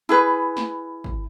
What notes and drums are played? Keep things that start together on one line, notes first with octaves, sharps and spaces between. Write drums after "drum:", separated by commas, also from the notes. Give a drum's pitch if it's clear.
E4 G#4 B4
drum: snare
drum: kick